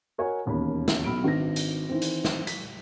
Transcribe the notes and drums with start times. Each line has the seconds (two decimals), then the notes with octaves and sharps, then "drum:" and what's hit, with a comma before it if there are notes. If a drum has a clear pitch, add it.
0.18 F#4 A#4 C#5 D#5 F#5 G#5
0.46 E1 D#2 C#4 B5
0.88 drum: snare
1.04 B1 B5 E6 F6 D7
1.24 G#1 D#3 D4 B4 A#6
1.56 drum: hi-hat
1.89 D#3 E3 C4
2.02 drum: hi-hat
2.24 drum: snare
2.47 B6, drum: hi-hat